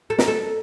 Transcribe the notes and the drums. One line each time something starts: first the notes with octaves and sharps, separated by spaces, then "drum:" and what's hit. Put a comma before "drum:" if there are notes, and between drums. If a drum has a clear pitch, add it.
A4
A#4, drum: snare
A4